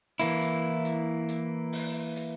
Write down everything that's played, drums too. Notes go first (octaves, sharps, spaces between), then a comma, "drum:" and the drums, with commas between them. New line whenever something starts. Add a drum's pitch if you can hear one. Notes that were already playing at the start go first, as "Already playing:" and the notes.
E3 A#3 E4
drum: hi-hat
drum: hi-hat
drum: hi-hat
drum: open hi-hat
drum: hi-hat